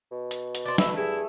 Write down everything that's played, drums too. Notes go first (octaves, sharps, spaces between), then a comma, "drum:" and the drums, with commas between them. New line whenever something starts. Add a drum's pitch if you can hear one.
B2
drum: hi-hat
drum: hi-hat
D4 C5 D5
A3 E5 B5, drum: snare
G2 E4 G#4